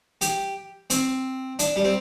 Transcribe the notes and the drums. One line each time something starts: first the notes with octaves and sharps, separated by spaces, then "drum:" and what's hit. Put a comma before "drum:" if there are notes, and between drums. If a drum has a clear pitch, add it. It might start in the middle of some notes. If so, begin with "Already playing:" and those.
G4, drum: hi-hat
C4, drum: hi-hat
D4, drum: hi-hat
G3
C4